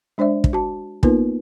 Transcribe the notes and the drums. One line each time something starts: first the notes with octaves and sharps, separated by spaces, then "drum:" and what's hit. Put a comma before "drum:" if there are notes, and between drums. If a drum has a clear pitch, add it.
G#3 D4 C5 D5 E5
drum: kick
F#4 A5
A#3 B3 D#4 F4 A#4 B4, drum: kick